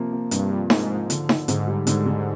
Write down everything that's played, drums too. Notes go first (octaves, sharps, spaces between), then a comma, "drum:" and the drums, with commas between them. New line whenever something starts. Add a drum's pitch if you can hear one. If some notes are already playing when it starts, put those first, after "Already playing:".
Already playing: C3 F3 A#3
A#3
G2 C3, drum: hi-hat
F3
G#2 A#3, drum: snare D#4
F3
D3, drum: hi-hat
D3, drum: snare D#4
G#2 D3, drum: hi-hat
G3
G#2 D3, drum: hi-hat
D3